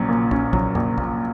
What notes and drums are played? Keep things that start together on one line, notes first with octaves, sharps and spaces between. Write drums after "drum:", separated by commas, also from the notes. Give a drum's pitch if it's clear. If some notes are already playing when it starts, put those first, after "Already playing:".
Already playing: A#1 F#3 C#4
A#2
C#4, drum: kick
F#3, drum: kick
A#1, drum: tom F2
A#2, drum: kick